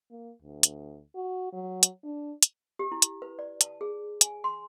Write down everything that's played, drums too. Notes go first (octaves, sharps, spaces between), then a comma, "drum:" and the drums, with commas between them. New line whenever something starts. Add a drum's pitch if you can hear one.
A#3
D2
drum: hi-hat
F#4
F#3
drum: hi-hat
D4
drum: hi-hat
G4
E4
drum: hi-hat
B4
D5
A5, drum: hi-hat
G#4
G#5, drum: hi-hat
C6